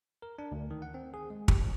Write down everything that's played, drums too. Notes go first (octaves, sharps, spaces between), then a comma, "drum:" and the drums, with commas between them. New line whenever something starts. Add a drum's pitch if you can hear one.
A#4
D4
D2
D#3
F#5
C4
G#4
G#3
G4, drum: kick
C2